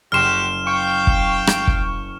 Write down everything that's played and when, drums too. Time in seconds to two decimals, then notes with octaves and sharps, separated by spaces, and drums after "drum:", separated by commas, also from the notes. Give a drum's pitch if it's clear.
0.12 F#1 F#4 G4 C6 F6 E7
0.67 F5 G5 C#6
1.07 drum: kick
1.47 drum: rim click
1.67 drum: kick